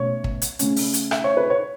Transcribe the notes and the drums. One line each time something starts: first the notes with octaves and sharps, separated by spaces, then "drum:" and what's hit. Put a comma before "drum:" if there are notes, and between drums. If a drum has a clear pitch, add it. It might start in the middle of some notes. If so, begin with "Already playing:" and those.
Already playing: B2 A3 C#4 C#5
drum: kick
drum: hi-hat
C#3 A3 C#4, drum: hi-hat
drum: open hi-hat
drum: hi-hat
E5, drum: rim click
C#5
B4
C#5